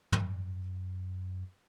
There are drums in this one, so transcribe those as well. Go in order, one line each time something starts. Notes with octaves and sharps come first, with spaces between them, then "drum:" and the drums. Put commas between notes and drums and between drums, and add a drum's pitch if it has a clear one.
F#2, drum: tom